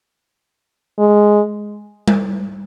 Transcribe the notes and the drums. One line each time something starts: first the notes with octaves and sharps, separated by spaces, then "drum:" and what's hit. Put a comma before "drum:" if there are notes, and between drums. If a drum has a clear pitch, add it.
G#3
drum: tom G3